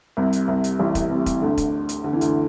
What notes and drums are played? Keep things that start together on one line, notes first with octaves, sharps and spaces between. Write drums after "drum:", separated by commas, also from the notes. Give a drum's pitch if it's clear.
C2 C3
drum: hi-hat
C2 C3
drum: hi-hat
A1 A2
drum: kick E1, hi-hat
C2 C3
drum: kick E1, hi-hat
D2 D3
drum: kick E1, hi-hat
drum: hi-hat
D3
E3
D2 D3, drum: hi-hat